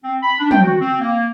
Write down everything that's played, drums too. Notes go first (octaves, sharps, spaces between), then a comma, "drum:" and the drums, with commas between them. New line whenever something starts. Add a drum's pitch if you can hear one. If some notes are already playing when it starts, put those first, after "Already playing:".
C4
B5
D4
G5, drum: tom
F#4
C4
A#3